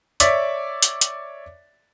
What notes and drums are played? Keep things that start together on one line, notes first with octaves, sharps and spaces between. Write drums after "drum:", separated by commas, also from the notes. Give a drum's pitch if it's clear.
C#5 D5 E5 D6 A6 B6, drum: hi-hat
drum: hi-hat
drum: hi-hat